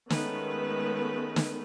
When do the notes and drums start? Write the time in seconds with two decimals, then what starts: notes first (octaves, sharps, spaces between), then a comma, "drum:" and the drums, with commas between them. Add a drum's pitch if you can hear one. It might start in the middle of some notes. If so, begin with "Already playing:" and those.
0.10 D#3 G#3 A3 B3 C#4 B4, drum: snare
1.36 drum: snare